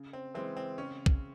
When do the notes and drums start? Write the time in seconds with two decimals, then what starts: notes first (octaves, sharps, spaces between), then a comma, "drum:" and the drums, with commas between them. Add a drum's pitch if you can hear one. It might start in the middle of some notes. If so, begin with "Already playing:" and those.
Already playing: C#3
0.13 C4
0.35 E3 G#3 C4
0.57 C4
0.78 C#3 C#4
1.06 drum: kick